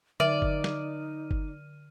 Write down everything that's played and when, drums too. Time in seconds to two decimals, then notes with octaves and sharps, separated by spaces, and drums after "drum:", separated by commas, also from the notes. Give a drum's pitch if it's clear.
0.20 D3 D#4 D5 E5 F6 D#7
0.42 drum: kick G1
0.64 drum: snare
1.31 drum: kick G1